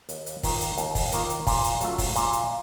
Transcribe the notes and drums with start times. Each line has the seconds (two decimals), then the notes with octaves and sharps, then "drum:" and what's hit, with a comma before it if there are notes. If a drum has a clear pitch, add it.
0.09 D#2, drum: hi-hat
0.26 drum: hi-hat
0.43 D#3 A#3 F4 A#4, drum: kick, open hi-hat
0.61 drum: hi-hat
0.78 D#2, drum: hi-hat
0.95 drum: kick, open hi-hat
1.12 D#3 A#3 F4 A#4, drum: hi-hat
1.29 drum: hi-hat
1.47 A#2, drum: kick, open hi-hat
1.64 drum: hi-hat
1.81 F#3 A3 C#4 F4, drum: hi-hat
1.98 drum: kick, open hi-hat
2.16 A#2, drum: hi-hat
2.33 drum: hi-hat